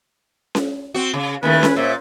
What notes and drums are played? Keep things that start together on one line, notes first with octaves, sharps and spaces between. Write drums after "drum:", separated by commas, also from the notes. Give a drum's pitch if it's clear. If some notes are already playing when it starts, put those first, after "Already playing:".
drum: snare C#4
C4 F#4
C#3
D#2 D#3 A3 C#4 E4 B4
drum: snare C#4
A#2 C5 C#5 E5